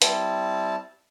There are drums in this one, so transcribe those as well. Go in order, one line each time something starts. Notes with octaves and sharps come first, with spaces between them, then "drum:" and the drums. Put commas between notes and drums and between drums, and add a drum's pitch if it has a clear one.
G3 C4 E4 A5, drum: hi-hat